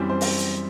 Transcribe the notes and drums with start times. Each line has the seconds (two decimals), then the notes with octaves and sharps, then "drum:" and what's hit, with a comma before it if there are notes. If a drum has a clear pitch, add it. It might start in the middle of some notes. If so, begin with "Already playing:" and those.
Already playing: F#2 E3 G3 C4
0.09 C5
0.21 drum: open hi-hat
0.38 drum: hi-hat